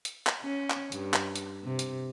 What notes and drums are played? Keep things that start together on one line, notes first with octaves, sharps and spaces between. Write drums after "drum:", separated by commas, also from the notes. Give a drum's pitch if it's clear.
drum: hi-hat
drum: clap
C#4
drum: clap
G2, drum: hi-hat
drum: clap
drum: hi-hat
C3
drum: hi-hat